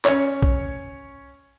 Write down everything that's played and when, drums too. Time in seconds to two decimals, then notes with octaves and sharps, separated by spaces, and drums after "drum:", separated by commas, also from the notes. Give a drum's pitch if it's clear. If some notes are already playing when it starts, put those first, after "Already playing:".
0.05 C#4 C#5, drum: clap
0.42 drum: kick